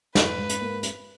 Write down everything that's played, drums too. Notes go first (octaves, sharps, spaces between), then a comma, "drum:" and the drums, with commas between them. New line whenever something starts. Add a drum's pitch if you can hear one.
G#2 B4, drum: snare
G#2
drum: hi-hat
A#3
drum: hi-hat